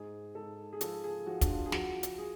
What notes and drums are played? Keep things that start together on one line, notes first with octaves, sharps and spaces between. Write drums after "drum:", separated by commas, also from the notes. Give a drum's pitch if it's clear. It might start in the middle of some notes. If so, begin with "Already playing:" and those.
Already playing: G#2 G#4
G#2 A4
G#4
F3 A4, drum: hi-hat
G#4
F3 F#4
D4, drum: kick, hi-hat
F4
G#4
F3 F#4, drum: snare
drum: hi-hat
G#4